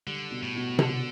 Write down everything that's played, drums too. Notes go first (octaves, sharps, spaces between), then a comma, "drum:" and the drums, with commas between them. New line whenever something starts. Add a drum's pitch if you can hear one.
D3 G3
B2
A2
B2
B2 D3, drum: tom C3